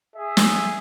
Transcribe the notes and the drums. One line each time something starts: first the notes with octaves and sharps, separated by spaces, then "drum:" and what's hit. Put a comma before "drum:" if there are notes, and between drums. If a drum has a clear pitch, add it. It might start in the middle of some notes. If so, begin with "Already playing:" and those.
G#4 E5
drum: snare